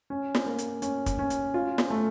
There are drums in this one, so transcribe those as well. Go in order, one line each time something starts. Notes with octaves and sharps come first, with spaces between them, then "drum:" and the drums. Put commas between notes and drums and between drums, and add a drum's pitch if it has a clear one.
C#4
drum: snare
A#3
drum: hi-hat
C#4, drum: hi-hat
drum: kick, hi-hat
C#4
drum: hi-hat
F4
drum: snare
A3